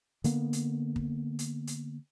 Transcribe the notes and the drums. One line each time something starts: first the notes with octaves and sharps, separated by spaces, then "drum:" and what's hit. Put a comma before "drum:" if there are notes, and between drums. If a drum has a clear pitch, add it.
D3 A#3 B3, drum: hi-hat
drum: hi-hat
drum: kick
drum: hi-hat
drum: hi-hat